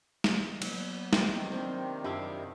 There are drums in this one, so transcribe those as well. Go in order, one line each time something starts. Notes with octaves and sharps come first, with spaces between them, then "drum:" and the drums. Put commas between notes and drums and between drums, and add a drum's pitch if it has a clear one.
drum: snare
F#3 A#3 B3, drum: cymbal
C3 D#3 G5, drum: snare
C4 D4
F#2 D4 E4 G4 D#5 F5